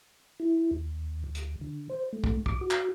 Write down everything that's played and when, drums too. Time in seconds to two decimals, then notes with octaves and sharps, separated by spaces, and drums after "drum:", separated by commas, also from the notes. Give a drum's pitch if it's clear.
0.40 E4
0.71 D#2
1.24 D2
1.35 drum: hi-hat
1.61 D3
1.89 C5
2.13 A3
2.24 drum: kick
2.46 D6, drum: kick
2.61 F#4
2.71 drum: clap